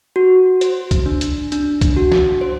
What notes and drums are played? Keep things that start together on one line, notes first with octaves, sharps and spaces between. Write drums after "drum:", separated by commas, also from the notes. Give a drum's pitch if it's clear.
F#4
C5, drum: hi-hat
drum: kick, hi-hat
D4
drum: hi-hat
D4, drum: hi-hat
drum: kick, hi-hat
F#4
drum: snare
C5